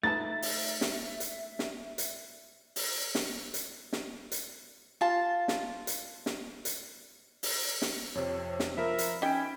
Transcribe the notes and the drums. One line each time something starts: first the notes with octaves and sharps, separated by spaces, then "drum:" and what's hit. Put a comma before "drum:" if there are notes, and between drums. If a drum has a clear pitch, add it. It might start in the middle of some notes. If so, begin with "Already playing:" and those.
A3 D#4 B4 E5 A5 A6
drum: open hi-hat
drum: snare
drum: hi-hat
drum: snare
drum: hi-hat
drum: open hi-hat
drum: snare
drum: hi-hat
drum: snare
drum: hi-hat
F4 A5
drum: snare
drum: hi-hat
drum: snare
drum: hi-hat
drum: open hi-hat
drum: snare
F2 C3 C#5
drum: snare
F3 A#4 E5 B5
drum: hi-hat
C#4 D#4 G5 B6 D7